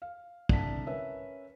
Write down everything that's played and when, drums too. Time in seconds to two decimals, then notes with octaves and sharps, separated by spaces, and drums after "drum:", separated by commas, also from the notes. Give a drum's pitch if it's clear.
0.02 F5
0.49 C2 D3 F#5 A5 B6, drum: kick
0.86 C#4 A#4 B4 E5